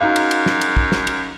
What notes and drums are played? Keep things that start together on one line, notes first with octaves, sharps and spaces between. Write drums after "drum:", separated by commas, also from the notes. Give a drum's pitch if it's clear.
F#2 D#4 F#4 F5
drum: cymbal
drum: cymbal
drum: snare
drum: cymbal
drum: kick
drum: snare
drum: cymbal